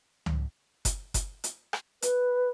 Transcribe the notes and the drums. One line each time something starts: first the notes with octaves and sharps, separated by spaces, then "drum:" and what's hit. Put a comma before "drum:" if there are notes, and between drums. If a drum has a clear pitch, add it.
drum: tom C#2
drum: kick F#1, hi-hat
drum: kick F#1, hi-hat
drum: hi-hat
drum: rim click
B4, drum: hi-hat